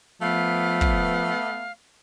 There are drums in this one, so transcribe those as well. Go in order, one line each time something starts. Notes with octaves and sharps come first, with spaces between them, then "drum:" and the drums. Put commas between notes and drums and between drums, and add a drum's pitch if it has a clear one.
F3 A3 B3 F5
drum: kick